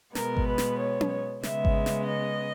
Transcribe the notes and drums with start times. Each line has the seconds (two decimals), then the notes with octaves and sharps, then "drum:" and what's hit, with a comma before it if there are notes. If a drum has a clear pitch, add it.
0.15 B2 G#3 B3 A#4, drum: snare
0.37 drum: kick G#1
0.47 B4
0.58 drum: snare
0.79 C#5
1.01 drum: tom C#4
1.43 C#3 G#3 B3 E5, drum: snare
1.65 drum: kick G#1
1.86 drum: snare
2.08 D#5